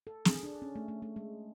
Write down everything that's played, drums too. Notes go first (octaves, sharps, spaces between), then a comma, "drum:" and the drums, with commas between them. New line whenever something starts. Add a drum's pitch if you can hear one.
A4
G#4, drum: snare
D4
C#4
A3
A3
A3
G#3